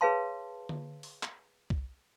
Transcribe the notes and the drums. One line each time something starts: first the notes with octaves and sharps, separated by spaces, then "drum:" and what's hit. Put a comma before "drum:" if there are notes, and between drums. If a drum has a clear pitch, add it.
G#4 B4 C#5 F5 A5 C6
drum: tom D3
drum: open hi-hat
drum: clap
drum: kick C2